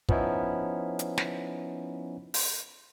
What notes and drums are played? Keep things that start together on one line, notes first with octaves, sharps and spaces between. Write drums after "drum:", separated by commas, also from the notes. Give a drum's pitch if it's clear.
F3 B3 C#4 D#4 E4, drum: kick
drum: hi-hat
drum: snare
drum: open hi-hat